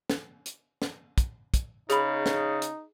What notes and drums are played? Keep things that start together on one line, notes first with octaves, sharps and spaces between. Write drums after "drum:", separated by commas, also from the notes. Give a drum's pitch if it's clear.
drum: snare
drum: hi-hat
drum: snare
drum: kick, hi-hat
drum: kick, hi-hat
C#3 D#4 G#4 B5, drum: hi-hat
drum: snare
drum: hi-hat